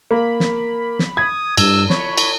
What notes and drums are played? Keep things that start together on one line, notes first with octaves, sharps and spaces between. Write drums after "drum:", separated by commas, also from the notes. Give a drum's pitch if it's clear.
A#3 B5
drum: snare
drum: snare
D#6 G#6
G2 E6, drum: cymbal
C#5 B5, drum: snare
drum: cymbal